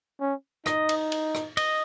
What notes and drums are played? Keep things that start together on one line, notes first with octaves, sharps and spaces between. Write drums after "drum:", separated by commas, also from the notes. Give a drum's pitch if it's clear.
C#4
D#4 D#5, drum: rim click
drum: cymbal
drum: cymbal
drum: rim click
D#5, drum: cymbal